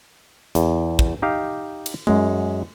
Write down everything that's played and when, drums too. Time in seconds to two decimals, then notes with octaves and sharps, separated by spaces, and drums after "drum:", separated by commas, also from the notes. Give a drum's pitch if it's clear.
0.55 E2, drum: hi-hat
0.99 drum: kick
1.22 D#4 G4 F5
1.86 drum: cymbal
2.07 F#2 G#3, drum: tom G#3